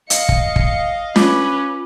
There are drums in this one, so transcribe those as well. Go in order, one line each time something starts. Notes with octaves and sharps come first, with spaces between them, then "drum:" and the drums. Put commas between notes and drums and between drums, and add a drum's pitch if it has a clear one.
D#5 F5 C#7, drum: hi-hat
drum: kick
drum: kick
C#4 F4 B4 D6, drum: snare